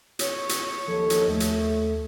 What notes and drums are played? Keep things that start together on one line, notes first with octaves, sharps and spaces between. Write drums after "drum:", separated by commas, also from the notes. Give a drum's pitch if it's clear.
C#5, drum: hi-hat
drum: hi-hat
D#2 F3 A4
drum: hi-hat
D#2 A3
drum: hi-hat